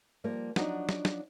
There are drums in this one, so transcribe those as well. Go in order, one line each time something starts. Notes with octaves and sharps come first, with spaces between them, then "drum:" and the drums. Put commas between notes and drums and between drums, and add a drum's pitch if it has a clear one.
F3 G3 A#3
F3 F#3 D4 D#4 F#4 F#5, drum: snare
drum: snare
drum: snare